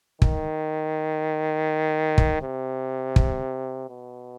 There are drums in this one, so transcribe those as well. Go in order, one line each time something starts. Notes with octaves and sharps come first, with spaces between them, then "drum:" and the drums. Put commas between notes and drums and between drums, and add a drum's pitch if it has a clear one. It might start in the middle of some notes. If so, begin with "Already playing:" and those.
D#3, drum: kick
drum: kick
C3
drum: kick
B2